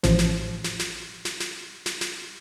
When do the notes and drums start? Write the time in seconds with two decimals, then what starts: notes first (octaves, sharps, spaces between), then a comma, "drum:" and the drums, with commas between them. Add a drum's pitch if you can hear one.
0.03 A1 A2 F3, drum: snare
0.19 drum: snare
0.64 drum: snare
0.79 drum: snare
1.25 drum: snare
1.40 drum: snare
1.86 drum: snare
2.01 drum: snare